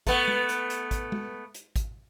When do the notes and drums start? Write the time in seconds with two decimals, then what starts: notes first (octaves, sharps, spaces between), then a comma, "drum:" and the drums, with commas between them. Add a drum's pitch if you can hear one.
0.07 A3 B3, drum: kick G#1, hi-hat
0.28 drum: tom G#3
0.49 drum: hi-hat
0.70 drum: hi-hat
0.91 drum: kick G#1, hi-hat
1.12 drum: tom G#3
1.54 drum: hi-hat
1.76 drum: kick G#1, hi-hat